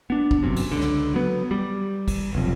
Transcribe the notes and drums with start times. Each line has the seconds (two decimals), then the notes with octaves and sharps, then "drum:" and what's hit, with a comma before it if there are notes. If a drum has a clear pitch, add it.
0.10 B3 D4
0.31 drum: kick
0.43 G1 F#2 C3
0.56 drum: cymbal
0.72 C#2 D3
0.81 drum: snare
1.14 F#3 B3
1.51 G3
2.08 drum: kick, cymbal
2.33 F1 B1 F2